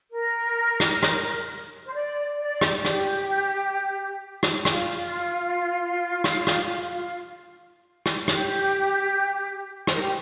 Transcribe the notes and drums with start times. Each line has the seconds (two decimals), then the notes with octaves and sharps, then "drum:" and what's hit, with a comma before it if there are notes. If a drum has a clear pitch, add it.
0.12 A#4
0.80 drum: rim click
1.03 drum: rim click
1.86 C5
1.94 D5
2.39 D5
2.61 drum: rim click
2.85 G4, drum: rim click
4.43 drum: rim click
4.65 F4, drum: rim click
6.24 drum: rim click
6.47 drum: rim click
8.06 drum: rim click
8.28 G4, drum: rim click
9.87 C5, drum: rim click
9.95 A#4
10.02 G4